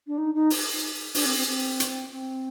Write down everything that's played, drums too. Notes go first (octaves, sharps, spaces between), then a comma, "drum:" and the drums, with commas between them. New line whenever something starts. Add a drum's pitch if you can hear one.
D4
D#4
D#4
drum: open hi-hat
D4, drum: open hi-hat
C4
C4
C4
drum: hi-hat
C4